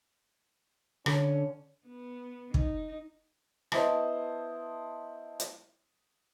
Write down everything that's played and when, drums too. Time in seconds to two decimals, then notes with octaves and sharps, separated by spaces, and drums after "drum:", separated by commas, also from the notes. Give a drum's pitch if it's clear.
1.06 D3 C#4, drum: rim click
1.87 B3
2.54 D#4, drum: kick
3.72 B3 E4 C5 D#5 A5, drum: rim click
5.40 drum: hi-hat